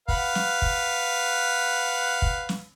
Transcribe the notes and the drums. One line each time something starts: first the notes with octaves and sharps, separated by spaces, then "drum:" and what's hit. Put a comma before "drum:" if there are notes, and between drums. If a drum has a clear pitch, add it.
B4 F5 F#5, drum: kick
drum: snare
drum: kick
drum: kick
drum: snare